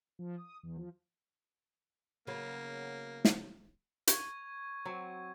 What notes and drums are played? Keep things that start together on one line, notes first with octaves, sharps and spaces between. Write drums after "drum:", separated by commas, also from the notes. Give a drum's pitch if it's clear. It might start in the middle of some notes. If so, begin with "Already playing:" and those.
F3
D#6
E2
F3
C#3 F#3 A#3 B3
drum: snare
C#6 G#6, drum: hi-hat
F#3 C4